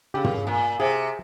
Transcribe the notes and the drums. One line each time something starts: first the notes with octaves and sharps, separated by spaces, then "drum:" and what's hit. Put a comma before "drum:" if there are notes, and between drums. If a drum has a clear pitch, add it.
C#3 G4
drum: tom
A#2
C3 G#4